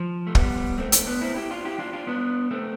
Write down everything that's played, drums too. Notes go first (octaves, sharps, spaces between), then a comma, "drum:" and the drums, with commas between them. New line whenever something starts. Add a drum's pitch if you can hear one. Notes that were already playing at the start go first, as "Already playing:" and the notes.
Already playing: F3
A3
G3 B3, drum: kick
A3 C4
A3 C4, drum: hi-hat
B3 D4
C4 E4
E4 G4
D4 F4
E4 G4
D4 F4
D4 F4
B3 D4
A3 C4